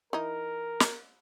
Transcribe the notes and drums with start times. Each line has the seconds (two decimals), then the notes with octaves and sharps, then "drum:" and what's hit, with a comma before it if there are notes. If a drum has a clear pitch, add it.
0.13 E3 D#4 A#4
0.80 drum: snare